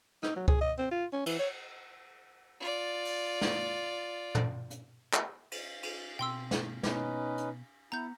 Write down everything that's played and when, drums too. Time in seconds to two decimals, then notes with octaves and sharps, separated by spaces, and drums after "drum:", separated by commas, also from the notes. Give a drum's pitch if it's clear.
0.23 D#4, drum: rim click
0.36 F#3
0.48 G#4, drum: kick C#2
0.61 D#5
0.78 C4
0.91 F4
1.13 C#4
1.26 E3, drum: cymbal
1.39 C#5
2.60 F4 D5
3.05 drum: open hi-hat
3.41 drum: snare
4.35 drum: tom
4.71 drum: hi-hat
5.13 drum: clap
5.52 drum: cymbal
5.83 drum: cymbal
6.19 B2 C4 G5 C6 E6
6.51 drum: snare
6.83 B2 B3 C#4 D#4 B4, drum: snare
7.38 drum: hi-hat
7.92 B3 E4 F#5 A#5 G6